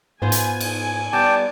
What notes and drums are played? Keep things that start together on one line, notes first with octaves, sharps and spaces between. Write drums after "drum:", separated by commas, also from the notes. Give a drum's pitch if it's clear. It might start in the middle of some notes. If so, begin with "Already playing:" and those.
G#2 B3 F4 C5 G#5
drum: hi-hat
drum: cymbal
G3 B3 G5 A5 D6